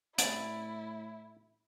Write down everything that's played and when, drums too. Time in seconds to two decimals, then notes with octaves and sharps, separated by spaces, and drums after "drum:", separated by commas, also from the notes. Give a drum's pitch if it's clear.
0.18 A2 E4 D5, drum: hi-hat